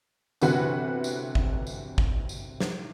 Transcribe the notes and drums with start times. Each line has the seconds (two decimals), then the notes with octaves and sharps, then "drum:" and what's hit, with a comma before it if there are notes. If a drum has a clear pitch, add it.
0.41 G1 C3 E3 F#4 B4 F#5, drum: tambourine
1.04 drum: tambourine
1.35 drum: kick G#1
1.67 drum: tambourine
1.98 drum: kick G#1
2.29 drum: tambourine
2.60 drum: snare